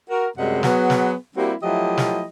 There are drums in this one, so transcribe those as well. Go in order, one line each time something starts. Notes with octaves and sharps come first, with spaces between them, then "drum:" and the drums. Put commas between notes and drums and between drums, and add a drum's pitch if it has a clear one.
F#4 A#4
F#2 C3 G3 G#3 D#5 F#5
F#3 B3 G#4, drum: snare
drum: snare
G3 A#3 C4 E4 F#4 G4
F3 F#3 A3 E4 G4 D#5
drum: snare